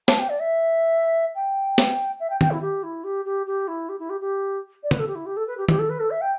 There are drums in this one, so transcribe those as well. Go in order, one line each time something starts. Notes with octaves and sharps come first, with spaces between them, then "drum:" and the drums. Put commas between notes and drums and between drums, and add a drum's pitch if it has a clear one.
A5, drum: snare
G5
D5
E5
G5
drum: snare
E5
G5
G5, drum: tom D#3
E4
G4
E4
G4
G4
G4
E4
G4
E4
G4
G4
D5
B4, drum: tom
A4
G4
E4
G4
A4
B4
G4
G4, drum: tom D#3
A4
B4
A4
E5
G5